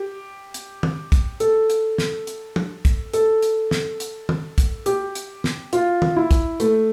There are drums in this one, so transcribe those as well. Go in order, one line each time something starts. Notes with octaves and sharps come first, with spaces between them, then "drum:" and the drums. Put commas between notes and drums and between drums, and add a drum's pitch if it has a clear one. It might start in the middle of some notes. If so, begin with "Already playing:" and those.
Already playing: G4
drum: hi-hat
drum: tom
drum: kick, hi-hat
A4, drum: hi-hat
drum: hi-hat
drum: snare
drum: hi-hat
drum: tom
drum: kick, hi-hat
A4, drum: hi-hat
drum: hi-hat
drum: snare
drum: hi-hat
drum: tom
drum: kick, hi-hat
G4, drum: hi-hat
drum: hi-hat
drum: snare
F4, drum: hi-hat
drum: tom
E4
drum: kick, hi-hat
A3, drum: hi-hat